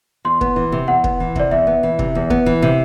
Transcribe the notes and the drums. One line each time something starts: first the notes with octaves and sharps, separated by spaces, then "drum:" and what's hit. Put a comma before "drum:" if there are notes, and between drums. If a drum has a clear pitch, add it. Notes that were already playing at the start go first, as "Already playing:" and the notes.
E2 C6
B3, drum: kick
E3
C3
E2 F#5
B3, drum: kick
E3
C3 D5, drum: kick
E2 E5
B3
E3
C3, drum: kick
E2
B3, drum: kick
E3
C3